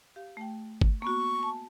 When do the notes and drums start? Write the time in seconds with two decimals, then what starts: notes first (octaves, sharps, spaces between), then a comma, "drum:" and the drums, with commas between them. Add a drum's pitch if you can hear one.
0.16 G4 F5
0.37 A3 G5
0.81 drum: kick G1
1.02 A#3 B3 F#4 C#6
1.38 G#5 A5